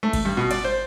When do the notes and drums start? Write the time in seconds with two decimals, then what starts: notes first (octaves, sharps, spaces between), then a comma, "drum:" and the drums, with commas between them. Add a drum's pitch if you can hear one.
0.03 A3
0.13 drum: kick G#1, cymbal
0.25 G2
0.37 B2
0.51 D5, drum: cymbal
0.64 C5